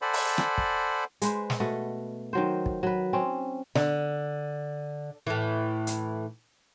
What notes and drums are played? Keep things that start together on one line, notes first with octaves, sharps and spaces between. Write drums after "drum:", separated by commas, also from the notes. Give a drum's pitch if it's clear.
A4 C5 D5 F#5 G#5 B5
drum: open hi-hat
drum: rim click
drum: kick
G#3 B4 C5, drum: hi-hat
drum: snare
B2 A3 D#5 F#5
D#3 F#3 C5
drum: kick
F#3 B4
C4 C#4
D3, drum: snare
A2 E3
drum: hi-hat